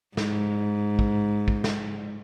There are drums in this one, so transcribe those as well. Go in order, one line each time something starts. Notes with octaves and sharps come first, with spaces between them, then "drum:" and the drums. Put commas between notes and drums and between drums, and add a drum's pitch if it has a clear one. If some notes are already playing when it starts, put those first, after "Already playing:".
G#2, drum: snare
drum: kick
drum: kick
drum: snare